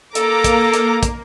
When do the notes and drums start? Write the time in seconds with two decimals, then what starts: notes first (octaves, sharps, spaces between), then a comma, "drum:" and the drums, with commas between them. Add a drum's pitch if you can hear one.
0.15 A#3 A4 A#5 D6, drum: hi-hat
0.44 drum: kick, hi-hat
0.74 drum: hi-hat
1.03 drum: kick, hi-hat